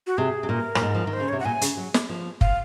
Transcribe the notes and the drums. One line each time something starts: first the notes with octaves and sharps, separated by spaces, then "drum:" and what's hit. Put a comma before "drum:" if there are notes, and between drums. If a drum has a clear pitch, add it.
F#4
C3 G#4
C3
A#2 A#4
A#2, drum: rim click
G#2
F3
D#3
C5
C#3
C3 C#5
F#5
A#2 G#5
C#3, drum: hi-hat
F#3
drum: snare
F3
F5, drum: kick F#1